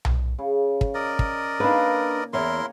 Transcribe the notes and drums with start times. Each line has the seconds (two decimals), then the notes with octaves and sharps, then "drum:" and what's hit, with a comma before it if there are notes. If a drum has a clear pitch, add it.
0.05 drum: tom B1
0.39 C#3
0.81 drum: kick
0.94 A#4 D5 D#5
1.19 drum: kick
1.60 A#3 D4 D#4 B4
2.33 E2 E4 A#4 C#5 F#5 G#5 A#5 C6